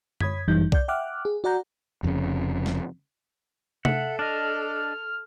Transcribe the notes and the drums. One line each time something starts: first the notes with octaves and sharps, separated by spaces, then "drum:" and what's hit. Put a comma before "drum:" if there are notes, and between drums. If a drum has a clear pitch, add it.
C#5 B5 D#6 G#6 B6, drum: tom F#2
G1 F#2 E3 G3 D#4 G6
D5 G6, drum: kick B1
E5 F#5 G5 D6 F6 F#6
G#4
F#4 D5 F#5 A#5 G6
F1 F2 G#2 C#3
drum: snare
A4 E5 F#5, drum: tom C3
D4 D#5 F6